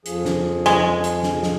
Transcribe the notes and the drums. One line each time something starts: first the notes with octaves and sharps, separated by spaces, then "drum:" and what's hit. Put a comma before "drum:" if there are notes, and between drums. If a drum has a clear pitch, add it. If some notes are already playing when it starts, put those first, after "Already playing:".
F2 F3 G#4, drum: hi-hat
drum: snare
G#3, drum: snare
drum: hi-hat
drum: snare
drum: snare